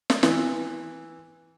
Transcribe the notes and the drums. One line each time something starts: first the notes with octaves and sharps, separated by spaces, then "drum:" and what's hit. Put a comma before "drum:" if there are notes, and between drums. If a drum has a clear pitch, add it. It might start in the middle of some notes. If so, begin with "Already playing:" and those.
drum: snare
E3, drum: snare